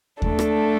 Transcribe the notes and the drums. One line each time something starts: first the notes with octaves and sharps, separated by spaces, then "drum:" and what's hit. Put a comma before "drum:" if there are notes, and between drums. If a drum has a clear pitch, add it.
A3 D4 A4, drum: kick D#2
drum: rim click